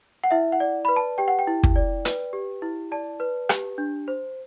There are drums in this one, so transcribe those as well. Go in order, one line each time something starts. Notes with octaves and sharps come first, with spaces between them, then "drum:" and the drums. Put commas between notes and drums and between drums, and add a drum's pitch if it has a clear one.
F#5
E4 E5
F#5
D5
B4 B5
A5
G4 G5
F#5
G5
E4
drum: kick
D5
B4, drum: hi-hat
G4
E4
D5 A5
B4
G4, drum: rim click
D4
C5